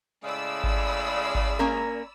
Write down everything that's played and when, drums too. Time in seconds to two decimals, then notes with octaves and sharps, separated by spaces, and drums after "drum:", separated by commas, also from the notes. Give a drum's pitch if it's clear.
0.24 A2 C#3 G#3 D5 B5 E6
0.64 drum: kick G#1
1.35 drum: kick G#1
1.59 A#3 C#4 A#4